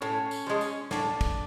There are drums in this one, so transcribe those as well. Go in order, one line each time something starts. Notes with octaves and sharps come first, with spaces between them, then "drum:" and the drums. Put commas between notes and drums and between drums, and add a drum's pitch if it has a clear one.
A2 C#4
drum: tambourine
F3 G#3
drum: tambourine
A2 D4, drum: snare
drum: kick, tambourine